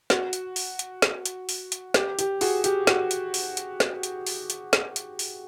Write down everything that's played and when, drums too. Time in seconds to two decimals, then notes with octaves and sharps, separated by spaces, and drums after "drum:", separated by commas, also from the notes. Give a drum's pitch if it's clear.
0.10 F#4, drum: snare
0.33 drum: hi-hat
0.56 drum: open hi-hat
0.79 drum: hi-hat
1.02 drum: snare
1.26 drum: hi-hat
1.49 drum: open hi-hat
1.72 drum: hi-hat
1.94 G4, drum: snare
2.19 G4, drum: hi-hat
2.41 F#4 G#4, drum: open hi-hat
2.64 G4, drum: hi-hat
2.87 F#4, drum: snare
3.11 drum: hi-hat
3.34 drum: open hi-hat
3.57 drum: hi-hat
3.80 drum: snare
4.03 drum: hi-hat
4.27 drum: open hi-hat
4.50 drum: hi-hat
4.73 drum: snare
4.96 drum: hi-hat
5.19 drum: open hi-hat